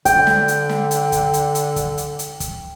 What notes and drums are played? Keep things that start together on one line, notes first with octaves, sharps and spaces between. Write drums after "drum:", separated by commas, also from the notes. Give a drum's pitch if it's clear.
D3 G5, drum: kick, hi-hat
drum: snare
drum: hi-hat
drum: snare
drum: hi-hat
drum: kick, hi-hat
drum: hi-hat
drum: hi-hat
drum: kick, hi-hat
drum: hi-hat
drum: hi-hat
drum: kick, hi-hat